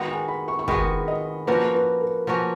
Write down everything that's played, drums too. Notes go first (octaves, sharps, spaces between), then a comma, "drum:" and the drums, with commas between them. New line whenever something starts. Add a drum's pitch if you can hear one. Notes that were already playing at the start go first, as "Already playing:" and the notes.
Already playing: D#3 G#3 B3 F#4 F#5
G#5
B5
C#6
C#6
D#3 G#3 B3 F#4 B5, drum: kick
D#5
F3 A#3 C#4 F#4 B4
B4
A#4
F3 A#3 C#4 F#4 B4